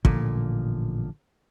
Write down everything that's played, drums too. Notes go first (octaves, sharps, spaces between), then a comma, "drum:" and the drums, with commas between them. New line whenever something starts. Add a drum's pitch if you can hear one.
A1 A#2 D3 F3, drum: kick